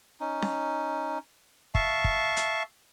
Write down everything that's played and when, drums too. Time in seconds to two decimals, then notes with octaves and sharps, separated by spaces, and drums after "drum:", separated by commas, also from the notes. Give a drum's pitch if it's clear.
0.20 C#4 D#4
0.42 drum: snare C#4
1.75 E5 F5 A5 C#6, drum: kick
2.04 drum: kick
2.37 drum: hi-hat